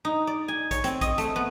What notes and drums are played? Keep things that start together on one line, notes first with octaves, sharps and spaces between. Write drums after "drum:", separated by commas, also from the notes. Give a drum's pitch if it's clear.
D#4
D5
G#5
C#5, drum: kick A#1, hi-hat
C4, drum: hi-hat
D#5, drum: kick A#1, hi-hat
A3, drum: hi-hat
B3